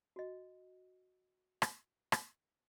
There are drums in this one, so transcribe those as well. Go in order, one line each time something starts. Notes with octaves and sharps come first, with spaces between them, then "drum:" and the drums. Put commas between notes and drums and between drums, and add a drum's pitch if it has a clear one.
F#4 D#5
drum: rim click
drum: rim click